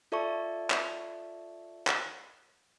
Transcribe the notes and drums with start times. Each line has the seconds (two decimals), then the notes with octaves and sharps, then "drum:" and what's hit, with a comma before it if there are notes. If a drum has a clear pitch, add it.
0.12 F4 A4 D5 E5 A5 C#6
0.70 drum: clap
1.87 drum: clap